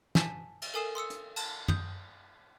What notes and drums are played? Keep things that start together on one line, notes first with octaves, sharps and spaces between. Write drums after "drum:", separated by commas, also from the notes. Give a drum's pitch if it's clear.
G#5 A5 B6 E7, drum: snare
drum: cymbal
A4 A#4 G#5 D#6 C7 E7
C6 D#6 E6 C#7
drum: hi-hat
A5, drum: cymbal
D#6 G6, drum: tom